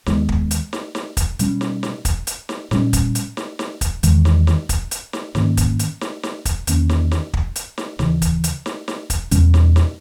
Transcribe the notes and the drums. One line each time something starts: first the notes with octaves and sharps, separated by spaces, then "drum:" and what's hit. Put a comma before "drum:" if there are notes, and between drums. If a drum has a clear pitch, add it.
D#2 D#3 G#3 B3, drum: snare
drum: kick
drum: hi-hat
drum: snare
drum: snare
drum: kick, hi-hat
B2 G3 C#4, drum: hi-hat
drum: snare
drum: snare
drum: kick, hi-hat
drum: hi-hat
drum: snare
A#2 G3 C#4, drum: snare
drum: kick, hi-hat
drum: hi-hat
drum: snare
drum: snare
drum: kick, hi-hat
E2 D#3 G#3, drum: hi-hat
drum: snare
drum: snare
drum: kick, hi-hat
drum: hi-hat
drum: snare
G#2 D#3 A#3 C#4, drum: snare
drum: kick, hi-hat
drum: hi-hat
drum: snare
drum: snare
drum: kick, hi-hat
E2 D#3 A#3 C#4, drum: hi-hat
drum: snare
drum: snare
drum: kick
drum: hi-hat
drum: snare
D#2 C#3 E3, drum: snare
drum: kick, hi-hat
drum: hi-hat
drum: snare
drum: snare
drum: kick, hi-hat
E2 B2 G3 C#4, drum: hi-hat
drum: snare
drum: snare